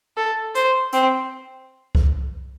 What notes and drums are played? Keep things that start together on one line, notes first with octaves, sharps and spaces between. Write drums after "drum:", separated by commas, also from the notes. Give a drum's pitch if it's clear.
A4
C5, drum: hi-hat
C4, drum: hi-hat
drum: kick C2